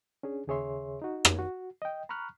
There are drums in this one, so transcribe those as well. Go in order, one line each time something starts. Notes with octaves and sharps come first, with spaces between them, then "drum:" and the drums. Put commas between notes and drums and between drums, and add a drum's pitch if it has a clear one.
C#4 D4 G#4
D#2 C#3 G#4 C#5 E5 C6
D#4 F#4
drum: rim click
F#4
D#5 G5
A#5 B5 C#6 F6 F#6